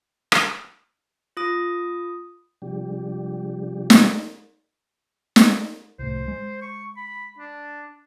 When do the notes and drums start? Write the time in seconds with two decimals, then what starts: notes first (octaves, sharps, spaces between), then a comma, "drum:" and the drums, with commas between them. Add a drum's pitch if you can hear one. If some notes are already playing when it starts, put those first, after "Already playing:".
0.32 drum: rim click
1.37 F4 D#6
2.62 C3 F3 G3 G#3 D4 G4
3.90 drum: snare
5.36 drum: snare
5.99 C2 A2 C5
6.28 G#3
6.62 C#6
6.97 B5
7.39 D4